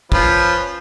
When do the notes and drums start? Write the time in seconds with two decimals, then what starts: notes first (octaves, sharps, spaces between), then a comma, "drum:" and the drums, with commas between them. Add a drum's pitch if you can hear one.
0.12 F3 C#4 B4, drum: kick